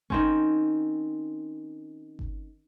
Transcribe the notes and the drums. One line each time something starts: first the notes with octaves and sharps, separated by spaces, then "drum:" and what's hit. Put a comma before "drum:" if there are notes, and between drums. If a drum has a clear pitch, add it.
D#3 C4 C#4, drum: kick G1
drum: kick G1